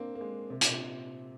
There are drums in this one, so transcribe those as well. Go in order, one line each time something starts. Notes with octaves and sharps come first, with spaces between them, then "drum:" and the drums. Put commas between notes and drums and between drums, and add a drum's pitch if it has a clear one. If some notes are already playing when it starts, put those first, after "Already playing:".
Already playing: A#3 C4 D4
A#3
G#3
C3
A#2, drum: hi-hat
C3